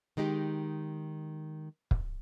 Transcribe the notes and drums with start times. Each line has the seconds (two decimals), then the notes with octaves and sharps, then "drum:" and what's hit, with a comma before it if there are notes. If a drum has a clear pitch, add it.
0.17 D#3 G#3 D#4 G4
1.91 drum: kick